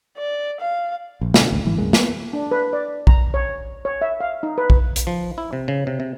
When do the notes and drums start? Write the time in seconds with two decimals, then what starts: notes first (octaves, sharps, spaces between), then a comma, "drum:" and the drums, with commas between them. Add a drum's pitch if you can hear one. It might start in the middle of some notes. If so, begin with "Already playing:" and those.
0.17 D5
0.60 F5
1.21 A#1
1.34 B2 D3, drum: snare
1.51 A1 D2
1.65 G1 G#2 E3
1.78 C2 F#2 G#3 A#3
1.93 A#3 B3, drum: snare
2.33 D4
2.51 B4
2.73 D5
3.07 A#5, drum: kick A#1
3.34 C#5
3.85 C#5
4.02 E5
4.20 F5
4.43 D#4
4.58 B4
4.70 drum: kick A#1
4.96 drum: hi-hat
5.07 F3
5.38 E4
5.53 C3
5.68 C#3
5.87 C3
6.00 C3